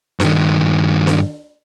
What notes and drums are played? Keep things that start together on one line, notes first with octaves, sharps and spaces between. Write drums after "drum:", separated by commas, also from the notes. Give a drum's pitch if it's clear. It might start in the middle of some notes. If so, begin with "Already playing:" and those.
G2 D#3, drum: snare D4
drum: snare D4